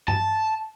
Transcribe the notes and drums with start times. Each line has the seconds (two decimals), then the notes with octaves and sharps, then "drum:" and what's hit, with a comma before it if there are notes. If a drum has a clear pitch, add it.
0.08 A5, drum: tom G2